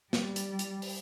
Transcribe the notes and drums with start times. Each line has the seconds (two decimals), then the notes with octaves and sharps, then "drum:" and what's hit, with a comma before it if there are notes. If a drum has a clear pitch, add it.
0.13 G3, drum: snare
0.36 drum: hi-hat
0.59 drum: hi-hat
0.82 drum: open hi-hat